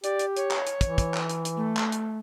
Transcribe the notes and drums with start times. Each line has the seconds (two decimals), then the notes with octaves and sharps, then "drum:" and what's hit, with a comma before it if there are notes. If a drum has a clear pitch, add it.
0.04 G4 D5, drum: hi-hat
0.19 drum: hi-hat
0.37 C#5, drum: hi-hat
0.51 drum: clap
0.67 drum: hi-hat
0.81 E3, drum: kick, hi-hat
0.98 drum: kick, hi-hat
1.14 drum: clap
1.29 drum: hi-hat
1.45 drum: hi-hat
1.57 A3
1.77 drum: clap
1.92 drum: hi-hat